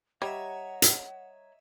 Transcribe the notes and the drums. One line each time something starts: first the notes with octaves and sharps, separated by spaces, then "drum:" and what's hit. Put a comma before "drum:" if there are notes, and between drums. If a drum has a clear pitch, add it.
G3 C#5 D#5 E5 F#5 A#5 C#6
drum: hi-hat